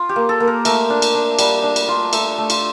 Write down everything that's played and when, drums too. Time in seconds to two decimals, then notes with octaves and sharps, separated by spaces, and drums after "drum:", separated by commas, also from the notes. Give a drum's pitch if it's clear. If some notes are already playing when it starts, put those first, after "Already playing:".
Already playing: F4
0.09 G4
0.16 A#3
0.29 A4
0.40 A#3
0.47 A#4
0.65 A3 A#4, drum: cymbal
0.90 D4
1.02 drum: cymbal
1.15 D4
1.39 G3, drum: cymbal
1.63 D4
1.76 drum: cymbal
1.88 F4
2.13 A3 A4, drum: cymbal
2.38 A3
2.50 F4, drum: cymbal